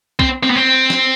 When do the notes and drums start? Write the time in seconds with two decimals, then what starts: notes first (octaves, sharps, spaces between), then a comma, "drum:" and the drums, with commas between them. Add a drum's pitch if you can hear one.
0.20 C4, drum: kick
0.43 C4
0.50 B3
0.55 C4
0.90 drum: snare